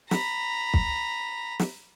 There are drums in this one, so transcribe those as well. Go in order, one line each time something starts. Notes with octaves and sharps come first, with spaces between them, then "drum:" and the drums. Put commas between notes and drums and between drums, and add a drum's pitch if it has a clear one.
A#5 B5, drum: snare
drum: kick
drum: snare